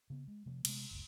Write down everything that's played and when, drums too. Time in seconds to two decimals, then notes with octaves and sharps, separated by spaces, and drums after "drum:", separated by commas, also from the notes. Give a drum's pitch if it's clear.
0.10 C#3 B3
0.28 G#3
0.46 C3 F3 A3
0.65 C3 G#3 A3 B3, drum: cymbal
0.91 F#1 C#2